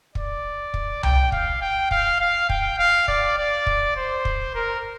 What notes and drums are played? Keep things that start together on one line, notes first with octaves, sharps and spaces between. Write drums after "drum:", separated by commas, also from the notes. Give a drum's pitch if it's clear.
D5, drum: kick
drum: kick
G5, drum: tom C2
F5, drum: kick
G5
F5, drum: kick
F5
G5, drum: kick
F5
D5, drum: kick
D5
drum: kick
C5
drum: kick
A#4